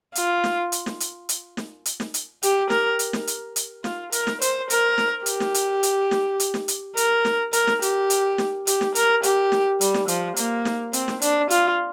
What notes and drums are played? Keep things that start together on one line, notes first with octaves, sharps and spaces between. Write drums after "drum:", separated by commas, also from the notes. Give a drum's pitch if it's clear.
F4, drum: hi-hat
drum: snare
drum: hi-hat
drum: snare
drum: hi-hat
drum: hi-hat
drum: snare
drum: hi-hat
drum: snare
drum: hi-hat
G4, drum: hi-hat
A#4, drum: snare
drum: hi-hat
drum: snare
drum: hi-hat
drum: hi-hat
F4, drum: snare
A#4, drum: hi-hat
drum: snare
C5, drum: hi-hat
A#4, drum: hi-hat
drum: snare
G4, drum: hi-hat
drum: snare
drum: hi-hat
drum: hi-hat
drum: snare
drum: hi-hat
drum: snare
drum: hi-hat
A#4, drum: hi-hat
drum: snare
A#4, drum: hi-hat
drum: snare
G4, drum: hi-hat
drum: hi-hat
drum: snare
G4, drum: hi-hat
drum: snare
A#4, drum: hi-hat
G4, drum: hi-hat
drum: snare
G3, drum: hi-hat
drum: snare
F3, drum: hi-hat
A#3, drum: hi-hat
drum: snare
C4, drum: hi-hat
drum: snare
D4, drum: hi-hat
F4, drum: hi-hat